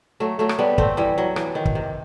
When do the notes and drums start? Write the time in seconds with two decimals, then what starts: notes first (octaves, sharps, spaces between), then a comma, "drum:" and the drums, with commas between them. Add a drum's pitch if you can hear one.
0.20 F#3 A3
0.39 F#3 A3
0.49 drum: rim click
0.59 G3 B3
0.78 A3 C4, drum: kick
0.97 E3 G3
1.18 F#3
1.36 E3, drum: rim click
1.55 D#3
1.65 drum: kick
1.75 C3